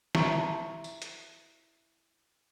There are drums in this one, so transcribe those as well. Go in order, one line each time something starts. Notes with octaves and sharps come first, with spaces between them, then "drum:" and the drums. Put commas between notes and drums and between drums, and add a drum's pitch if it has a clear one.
E4 E5 A5 A#5 C6 C#6, drum: snare
drum: tambourine
drum: hi-hat